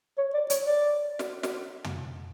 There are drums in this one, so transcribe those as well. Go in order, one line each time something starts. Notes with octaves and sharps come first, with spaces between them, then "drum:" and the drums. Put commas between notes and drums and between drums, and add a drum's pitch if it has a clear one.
C#5
D5
C#5, drum: hi-hat
D5
drum: snare
drum: snare
drum: tom